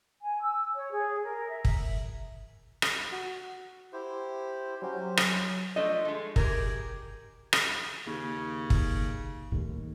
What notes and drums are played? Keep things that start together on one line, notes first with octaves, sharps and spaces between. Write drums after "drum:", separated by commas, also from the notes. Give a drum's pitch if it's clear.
G#5
E6
C#5
G#4
A#4
E5
drum: kick
drum: rim click
F#4
E4 G4 C5
F#3 C#4 G4 C5
drum: rim click
F3 A3 D4 D#5
G#3 A3
G4 G#4 A#4, drum: kick
drum: rim click
D#2 C#3
drum: kick
D#2 A2 D#3